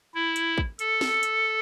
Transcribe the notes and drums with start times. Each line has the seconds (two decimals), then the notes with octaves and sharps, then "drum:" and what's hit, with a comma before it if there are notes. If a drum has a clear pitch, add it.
0.14 E4
0.36 drum: hi-hat
0.58 drum: kick
0.79 A4, drum: hi-hat
1.01 drum: snare
1.23 drum: hi-hat